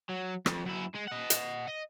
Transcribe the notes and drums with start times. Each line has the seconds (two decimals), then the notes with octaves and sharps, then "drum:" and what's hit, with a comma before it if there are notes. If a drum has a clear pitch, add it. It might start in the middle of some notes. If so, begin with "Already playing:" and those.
0.09 F#3
0.46 F2, drum: rim click
0.65 F#2 E4
0.94 G#3
1.07 D#5 F#5
1.30 drum: hi-hat
1.68 D#5